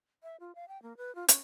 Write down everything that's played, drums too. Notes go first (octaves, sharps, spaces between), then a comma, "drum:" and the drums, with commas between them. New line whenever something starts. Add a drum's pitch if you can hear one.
E5
F4
F5
G5
A#3
B4
F4
C#4, drum: hi-hat